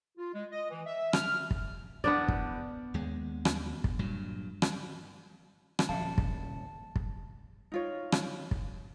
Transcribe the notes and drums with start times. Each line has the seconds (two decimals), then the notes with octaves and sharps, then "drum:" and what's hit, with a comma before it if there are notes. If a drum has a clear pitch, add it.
0.17 F4
0.34 G#3
0.52 D#5
0.71 E3
0.86 E5
1.13 F6, drum: rim click
1.51 drum: kick
2.04 E2 B3 D4 D5
2.28 drum: kick
2.94 D#2 G#3
3.45 drum: rim click
3.84 drum: kick
3.99 G2 A#2 F#3
4.62 drum: rim click
5.79 drum: rim click
5.89 D#1 C#3 F3 F5 A5
6.18 drum: kick
6.96 drum: kick
7.72 D#4 F4 C#5
8.12 drum: rim click
8.51 drum: kick